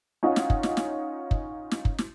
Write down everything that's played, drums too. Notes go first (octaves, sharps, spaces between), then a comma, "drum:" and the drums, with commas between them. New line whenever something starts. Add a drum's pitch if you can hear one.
C#4 D#4 F4 C#5 F#5
drum: snare
drum: kick
drum: snare
drum: snare
drum: kick
drum: snare
drum: kick
drum: snare